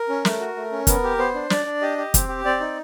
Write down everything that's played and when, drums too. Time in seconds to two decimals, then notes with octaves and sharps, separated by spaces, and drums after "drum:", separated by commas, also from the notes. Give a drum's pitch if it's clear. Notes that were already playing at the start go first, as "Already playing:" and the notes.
Already playing: A#4
0.09 C#4
0.25 A3, drum: snare
0.40 F#4
0.56 A3
0.72 C#4
0.87 B3 A#4, drum: kick, hi-hat
1.04 G4
1.18 B3 C5
1.35 D4
1.50 D4 D5, drum: snare
1.66 D4
1.81 G4 D#5
1.98 G4
2.14 C4, drum: kick, hi-hat
2.29 G4
2.45 C4 D5
2.60 D#4